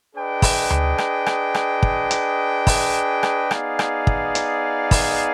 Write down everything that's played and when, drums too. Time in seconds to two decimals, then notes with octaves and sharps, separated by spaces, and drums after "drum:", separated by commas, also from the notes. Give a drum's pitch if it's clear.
0.14 D4 G#4 B4 D#5 G5
0.42 drum: kick, open hi-hat
0.70 drum: tom D2
0.98 drum: rim click
1.26 drum: rim click
1.54 drum: rim click
1.83 drum: kick
2.11 drum: hi-hat
2.67 drum: kick, open hi-hat
3.23 drum: rim click
3.51 B3 D#4 G#4 D5 F5, drum: rim click
3.79 drum: rim click
4.07 drum: kick
4.35 drum: hi-hat
4.91 drum: kick, open hi-hat